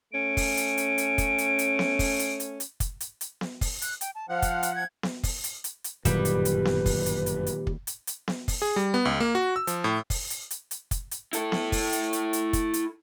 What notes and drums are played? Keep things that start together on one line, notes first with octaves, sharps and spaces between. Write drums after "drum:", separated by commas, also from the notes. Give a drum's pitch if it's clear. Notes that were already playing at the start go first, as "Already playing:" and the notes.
A3 C#4 D7
drum: kick, open hi-hat
drum: hi-hat
drum: hi-hat
drum: hi-hat
drum: kick, hi-hat
drum: hi-hat
drum: hi-hat
drum: snare B3
drum: kick, open hi-hat
drum: hi-hat
drum: hi-hat
drum: hi-hat
drum: kick, hi-hat
drum: hi-hat
drum: hi-hat
drum: snare B3
drum: kick, open hi-hat
F#6, drum: hi-hat
G5, drum: hi-hat
A5
F3 F5 F#5
drum: kick, hi-hat
drum: hi-hat
G#6
drum: snare B3
drum: kick, open hi-hat
drum: hi-hat
drum: hi-hat
drum: hi-hat
G1 F#2 A#2 D#3 F#3 G3 B4, drum: kick, hi-hat
drum: hi-hat
drum: hi-hat
drum: snare B3
drum: kick, open hi-hat
drum: hi-hat
drum: hi-hat
drum: hi-hat
drum: kick
drum: hi-hat
drum: hi-hat
drum: snare B3
drum: kick, open hi-hat
G#4
G3
B3
C#2
A#3
F#4
E6
F3, drum: hi-hat
A2
drum: kick, open hi-hat
drum: hi-hat
drum: hi-hat
drum: hi-hat
drum: kick, hi-hat
drum: hi-hat
E4 A4, drum: hi-hat
drum: snare B3
drum: kick, open hi-hat
drum: hi-hat
drum: hi-hat
drum: hi-hat
drum: kick, hi-hat
drum: hi-hat